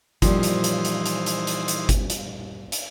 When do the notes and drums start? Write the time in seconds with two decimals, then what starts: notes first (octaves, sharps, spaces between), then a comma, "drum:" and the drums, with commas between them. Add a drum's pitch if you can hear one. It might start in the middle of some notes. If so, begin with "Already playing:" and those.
0.22 A#2 E3 F3 G3 D#4 C5, drum: kick G1, hi-hat
0.43 drum: hi-hat
0.64 drum: hi-hat
0.85 drum: hi-hat
1.06 drum: hi-hat
1.26 drum: hi-hat
1.47 drum: hi-hat
1.68 drum: hi-hat
1.89 drum: kick G1, hi-hat
2.10 drum: hi-hat
2.72 drum: hi-hat